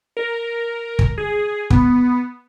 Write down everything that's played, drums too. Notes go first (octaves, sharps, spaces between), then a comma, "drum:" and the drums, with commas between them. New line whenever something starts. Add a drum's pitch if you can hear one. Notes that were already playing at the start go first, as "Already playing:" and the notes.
A#4
drum: kick
G#4
B3, drum: kick